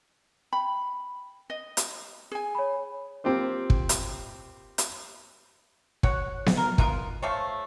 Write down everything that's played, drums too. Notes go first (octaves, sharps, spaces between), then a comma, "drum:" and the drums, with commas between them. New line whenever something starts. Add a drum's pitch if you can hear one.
G5 B5
D#5
drum: hi-hat
G#4 G#5
C#5 B5
A#3 C4 F4 G4 C5
drum: kick
drum: hi-hat
drum: hi-hat
F#4 C#5 F#5, drum: kick
drum: snare B3
A#4
B3 D#4 F4 A#4, drum: kick
F3 A3 C5 C#5